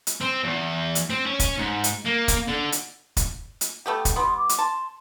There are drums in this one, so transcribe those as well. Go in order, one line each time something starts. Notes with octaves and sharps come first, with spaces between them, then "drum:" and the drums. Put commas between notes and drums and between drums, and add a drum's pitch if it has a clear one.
drum: hi-hat
C4
E2
drum: hi-hat
C4
C#4
drum: kick, hi-hat
G#2
drum: hi-hat
A#3
drum: kick, hi-hat
D3
drum: hi-hat
drum: kick, hi-hat
drum: hi-hat
A3 B3 G4 G5
drum: kick, hi-hat
G3 B3 C6
D6
drum: hi-hat
A5 C6